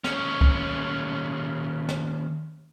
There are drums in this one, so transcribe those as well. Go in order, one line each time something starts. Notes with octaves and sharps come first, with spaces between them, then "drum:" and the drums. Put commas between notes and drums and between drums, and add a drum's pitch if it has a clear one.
D#2 C#4, drum: snare
drum: kick C#2
drum: snare